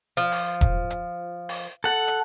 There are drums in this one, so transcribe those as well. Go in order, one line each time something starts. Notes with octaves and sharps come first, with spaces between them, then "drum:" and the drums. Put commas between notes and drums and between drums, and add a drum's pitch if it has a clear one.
F3
drum: open hi-hat
drum: kick E1, hi-hat
drum: hi-hat
drum: open hi-hat
A4 F#5
drum: hi-hat